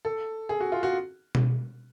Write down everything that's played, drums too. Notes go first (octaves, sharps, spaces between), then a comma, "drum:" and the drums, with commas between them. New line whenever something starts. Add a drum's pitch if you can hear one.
A4
G#4
F#4
F4
F#4
drum: tom B2